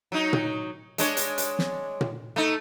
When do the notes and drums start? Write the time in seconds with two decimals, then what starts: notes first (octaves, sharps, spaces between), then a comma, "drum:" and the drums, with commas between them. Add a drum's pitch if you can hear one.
0.12 F#3 D#4
0.33 drum: tom A#2
0.98 G#3 D4 C#5, drum: hi-hat
1.17 drum: hi-hat
1.38 drum: hi-hat
1.59 drum: snare
2.01 drum: tom A#2
2.36 A3 D#4